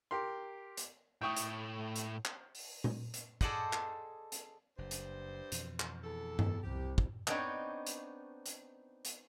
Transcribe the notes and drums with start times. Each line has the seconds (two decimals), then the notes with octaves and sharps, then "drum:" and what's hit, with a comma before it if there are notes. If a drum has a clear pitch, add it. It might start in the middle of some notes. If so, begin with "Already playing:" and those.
0.11 G4 A#4 C6
0.77 drum: hi-hat
1.21 A2 A3 G5 C#6 D#6
1.37 drum: hi-hat
1.96 drum: hi-hat
2.25 drum: clap
2.55 drum: open hi-hat
2.84 drum: tom A#2
3.14 drum: hi-hat
3.41 G#4 A4 C5 D5 D#5 F#5, drum: kick
3.73 drum: clap
4.32 drum: hi-hat
4.78 F#1 G2 C5
4.91 drum: hi-hat
5.52 F2 B2 E3, drum: hi-hat
5.80 drum: clap
6.04 E2 A4
6.39 drum: tom G2
6.63 C2 G4
6.98 drum: kick
7.27 B3 C4 D4 D#4 C#5, drum: clap
7.87 drum: hi-hat
8.46 drum: hi-hat
9.05 drum: hi-hat